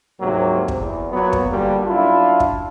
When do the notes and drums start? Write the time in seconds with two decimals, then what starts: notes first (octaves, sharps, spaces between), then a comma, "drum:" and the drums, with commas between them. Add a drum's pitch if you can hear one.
0.20 D2 G#2 C3 F3 F#3 A#3
0.68 drum: kick
0.78 E2
1.11 A#2 F#3 A#3 B3
1.33 drum: kick
1.51 A#2 D3 G3
1.84 F#2 D4 E4 F4
2.40 drum: kick